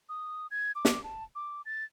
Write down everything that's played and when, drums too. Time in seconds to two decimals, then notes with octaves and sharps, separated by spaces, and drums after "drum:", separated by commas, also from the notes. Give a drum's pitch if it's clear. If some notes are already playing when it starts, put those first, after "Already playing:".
0.09 D#6
0.51 G#6
0.75 D6
0.85 drum: snare
1.04 A5
1.35 D6
1.66 A6